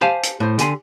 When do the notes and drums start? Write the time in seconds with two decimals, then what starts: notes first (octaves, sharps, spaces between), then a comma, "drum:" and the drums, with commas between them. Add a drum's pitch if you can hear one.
0.01 G4 C5 F5 G#5 A5
0.23 drum: hi-hat
0.40 A2 C5
0.58 D3 G4 G#5 A5 C6, drum: hi-hat